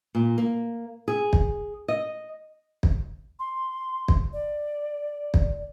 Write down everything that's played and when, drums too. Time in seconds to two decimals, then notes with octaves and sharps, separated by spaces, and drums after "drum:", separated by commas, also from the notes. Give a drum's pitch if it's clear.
0.15 A#2
0.38 A#3
1.08 G#4
1.33 drum: kick
1.88 D#5
2.83 drum: kick
3.39 C6
4.08 drum: kick
4.33 D5
5.34 drum: kick